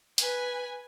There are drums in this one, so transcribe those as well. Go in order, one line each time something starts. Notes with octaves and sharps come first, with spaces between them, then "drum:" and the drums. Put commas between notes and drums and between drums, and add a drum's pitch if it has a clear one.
B4 G#5, drum: hi-hat